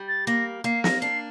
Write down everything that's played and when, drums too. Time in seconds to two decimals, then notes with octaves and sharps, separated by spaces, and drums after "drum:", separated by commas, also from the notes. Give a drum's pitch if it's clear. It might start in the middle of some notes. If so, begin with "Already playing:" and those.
Already playing: G3
0.08 A6
0.27 A#3 A#6
0.64 A#3 C7
0.84 A#6, drum: snare
1.02 D4 C7